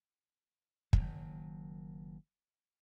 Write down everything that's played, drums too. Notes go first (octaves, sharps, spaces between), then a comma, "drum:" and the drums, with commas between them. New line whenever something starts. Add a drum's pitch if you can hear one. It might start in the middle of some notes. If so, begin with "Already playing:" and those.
F#1 E2 D#3 F#3, drum: kick